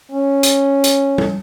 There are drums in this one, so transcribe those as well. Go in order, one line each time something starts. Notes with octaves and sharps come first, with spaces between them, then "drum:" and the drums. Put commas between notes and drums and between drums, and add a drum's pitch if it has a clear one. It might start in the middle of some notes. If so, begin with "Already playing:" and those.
C#4
drum: hi-hat
drum: hi-hat
drum: tom